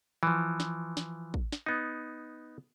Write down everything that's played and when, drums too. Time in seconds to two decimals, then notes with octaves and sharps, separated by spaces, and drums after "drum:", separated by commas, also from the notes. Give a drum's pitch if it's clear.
0.23 E3 F3
0.60 drum: snare
0.97 drum: snare
1.34 drum: kick
1.52 drum: snare
1.66 B3 D#4